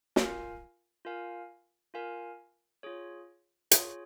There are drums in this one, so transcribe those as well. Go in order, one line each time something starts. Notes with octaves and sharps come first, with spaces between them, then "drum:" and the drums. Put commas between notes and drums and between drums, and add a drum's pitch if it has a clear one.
F4 A#4 F5 G#5, drum: snare
F4 A#4 F5 G#5
F4 A#4 F5 G#5
F4 G#4 C#5
F4 G#4 C#5, drum: hi-hat